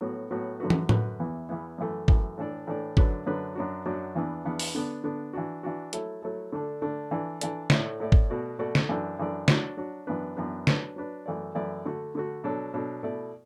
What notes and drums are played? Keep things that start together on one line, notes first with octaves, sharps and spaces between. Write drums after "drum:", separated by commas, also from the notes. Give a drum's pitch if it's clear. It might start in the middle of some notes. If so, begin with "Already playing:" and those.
A2 F#3 B3 F#4
A2 F#3 B3 F#4
F#2 D3 A3 F#4 B4
drum: tom
F#2 D3 A3 F#4 B4, drum: tom A2
E2 E3 B3 E4
E2 E3 B3 E4
F#2 E3 A3
F#2 E3 A3, drum: kick
A2 E3 D4 A4 D5
A2 E3 D4 A4 D5
F#2 D3 F#3 D4 B4, drum: kick
F#2 D3 F#3 D4 B4
F#2 F#3 D4 F#4
F#2 F#3 D4 F#4
E2 E3 B3 D4
E2 E3 B3 D4
drum: open hi-hat
D3 B3 D4
D3 B3 D4
E3 D4 F#4
E3 D4 F#4
F#3 A3 E4 A4, drum: hi-hat
F#3 A3 E4 A4
D3 A3 D4 A4 D5
D3 A3 D4 A4 D5
E3 D4 A4 D5
E3 D4 A4 D5, drum: hi-hat
A2 A3 E4 D5, drum: snare
A2 A3 E4 D5
drum: kick
B2 A3 F#4 D5
B2 A3 F#4 D5
drum: snare
F#2 E3 D4 A4 D5
F#2 E3 D4 A4 D5
F#3 D4 F#4, drum: snare
F#3 D4 F#4
F#2 E3 B3 D4 B4
F#2 E3 B3 D4 B4
F#3 D4 B4, drum: snare
F#3 D4 B4
F#2 E3 A3 E4 D5
F#2 E3 A3 E4 D5
D3 A3 F#4
D3 A3 F#4
B2 F#3 D4 A4
B2 F#3 D4 A4
B2 A3 E4 D5